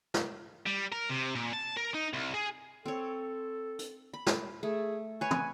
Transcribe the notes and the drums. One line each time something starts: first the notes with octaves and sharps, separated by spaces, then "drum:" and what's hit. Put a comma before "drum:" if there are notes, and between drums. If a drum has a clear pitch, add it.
drum: snare
G3
A#4
C3
A#2
A5
A#4
D#4
C2
G#4
C4 A4 C#5
drum: hi-hat
B5
drum: snare
A3 G#4
B4 C#5 G#5
drum: tom